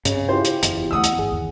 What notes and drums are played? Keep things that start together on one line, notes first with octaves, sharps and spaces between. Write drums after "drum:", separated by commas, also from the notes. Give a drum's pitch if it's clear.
G2 C#3 C4, drum: hi-hat
E4 F4 G4 C5
drum: hi-hat
F#1 E2, drum: hi-hat
D2 G#3 A3 F#5 D#6 E6
drum: hi-hat
G1 G#4
G1 D#2